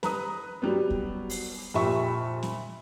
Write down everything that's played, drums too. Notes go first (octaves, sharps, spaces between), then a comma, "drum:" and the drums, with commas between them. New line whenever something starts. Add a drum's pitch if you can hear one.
B4 A#5 D#6, drum: snare
F#3 G3 B3
drum: kick
drum: open hi-hat
F2 A#2 G4 E5 B5 C#6
drum: snare